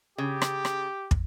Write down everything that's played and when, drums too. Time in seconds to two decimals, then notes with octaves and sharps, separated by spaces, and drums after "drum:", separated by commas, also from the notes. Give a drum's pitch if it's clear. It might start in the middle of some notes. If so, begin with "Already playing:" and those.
0.18 C#3 G4
0.42 drum: rim click
0.65 drum: rim click
1.11 drum: kick